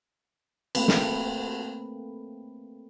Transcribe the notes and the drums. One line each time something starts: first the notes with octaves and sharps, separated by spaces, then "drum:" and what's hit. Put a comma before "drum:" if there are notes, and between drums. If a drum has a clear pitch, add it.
A3 A#3 C4 B4, drum: cymbal
drum: snare